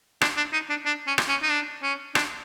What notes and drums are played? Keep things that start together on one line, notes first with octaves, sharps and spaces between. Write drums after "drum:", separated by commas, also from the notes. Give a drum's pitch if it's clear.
D4, drum: rim click
D4
D#4
D4
D4
C#4
drum: rim click
C#4
D#4
D4
C#4
D4, drum: rim click